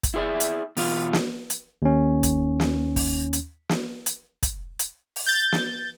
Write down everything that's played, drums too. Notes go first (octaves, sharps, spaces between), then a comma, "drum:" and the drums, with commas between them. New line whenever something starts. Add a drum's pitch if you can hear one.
drum: kick, hi-hat
E4 F4 G#4 C5 D5 E5
drum: hi-hat
B2 E3 F4 F5, drum: open hi-hat
drum: snare
drum: hi-hat
D#2 C#4
drum: kick, hi-hat
drum: snare
drum: kick, open hi-hat
drum: hi-hat
drum: snare
drum: hi-hat
drum: kick, hi-hat
drum: hi-hat
drum: open hi-hat
G6 A6
drum: snare